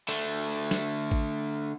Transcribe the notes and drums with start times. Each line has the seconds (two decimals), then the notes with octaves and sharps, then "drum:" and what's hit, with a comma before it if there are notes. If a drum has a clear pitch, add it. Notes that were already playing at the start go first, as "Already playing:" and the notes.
0.09 D3 A3, drum: hi-hat
0.71 drum: snare
1.11 drum: kick A1